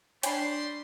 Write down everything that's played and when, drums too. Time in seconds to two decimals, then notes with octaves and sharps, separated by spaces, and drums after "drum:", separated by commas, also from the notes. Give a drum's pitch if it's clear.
0.23 G3 D4 C#5 G5 G#5 B5 C6, drum: hi-hat